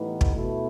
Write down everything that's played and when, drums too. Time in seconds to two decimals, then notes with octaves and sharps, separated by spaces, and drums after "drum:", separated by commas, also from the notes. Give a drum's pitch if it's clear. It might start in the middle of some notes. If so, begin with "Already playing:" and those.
Already playing: A2 E3 G3 B3 D#4
0.21 drum: kick
0.35 B2 A3 E4